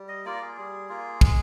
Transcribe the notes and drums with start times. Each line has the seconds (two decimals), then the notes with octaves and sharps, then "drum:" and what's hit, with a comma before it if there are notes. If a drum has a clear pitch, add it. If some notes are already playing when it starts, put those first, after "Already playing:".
Already playing: G3
0.09 D#5
0.25 A#3 F4 D5
0.41 G#4
0.57 G3
0.89 A#3 F4
1.21 G#3, drum: kick